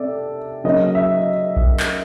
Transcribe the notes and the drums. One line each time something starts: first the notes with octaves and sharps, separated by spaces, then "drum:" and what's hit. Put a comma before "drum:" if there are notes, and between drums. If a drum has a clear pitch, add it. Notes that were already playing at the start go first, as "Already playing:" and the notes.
Already playing: C3 A4 D5
C#3 F#3 A#3 D#5
E5
drum: kick A#1
drum: clap